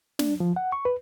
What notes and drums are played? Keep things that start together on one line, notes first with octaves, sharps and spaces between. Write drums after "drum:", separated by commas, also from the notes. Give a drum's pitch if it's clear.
D4, drum: snare
F3
F#5
C#6
B4